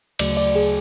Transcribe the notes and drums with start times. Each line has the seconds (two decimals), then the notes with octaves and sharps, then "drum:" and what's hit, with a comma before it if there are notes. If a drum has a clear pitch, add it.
0.19 D2 C#3 F#3 A3 D5, drum: cymbal
0.37 D5
0.55 G#4